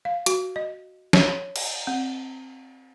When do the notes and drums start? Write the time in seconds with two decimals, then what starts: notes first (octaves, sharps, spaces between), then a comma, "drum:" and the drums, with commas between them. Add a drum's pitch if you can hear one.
0.05 F5
0.26 F#4, drum: hi-hat
0.56 D#5
1.13 C#5, drum: snare
1.56 drum: cymbal
1.87 C4